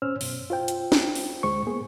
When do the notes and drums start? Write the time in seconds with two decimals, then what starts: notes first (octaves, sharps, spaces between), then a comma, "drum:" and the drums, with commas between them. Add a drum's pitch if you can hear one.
0.02 C#4 C5 E6 F6
0.21 F#2 B2, drum: open hi-hat
0.50 F4 C5 G5
0.68 drum: hi-hat
0.92 drum: snare
1.15 drum: open hi-hat
1.43 D2 G#3 C5 C#6
1.67 A#3 B3 G#4